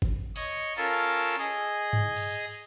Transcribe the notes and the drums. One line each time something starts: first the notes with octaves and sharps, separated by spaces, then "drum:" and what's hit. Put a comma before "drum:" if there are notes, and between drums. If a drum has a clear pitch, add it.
drum: kick G1
C#5 D#5, drum: hi-hat
C#4 F4 A4 A#4 A5
G#4 D#5
drum: tom G2
drum: cymbal